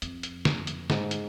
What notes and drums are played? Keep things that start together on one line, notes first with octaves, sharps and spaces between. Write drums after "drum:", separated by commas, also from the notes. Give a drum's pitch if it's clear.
F2, drum: hi-hat
drum: hi-hat
drum: snare
drum: hi-hat
G#2, drum: snare
drum: hi-hat